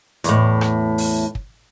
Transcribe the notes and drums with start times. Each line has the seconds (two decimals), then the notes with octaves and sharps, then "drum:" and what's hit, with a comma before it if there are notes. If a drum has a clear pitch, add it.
0.24 E2 A2, drum: hi-hat
0.61 drum: rim click
0.98 drum: open hi-hat
1.35 drum: kick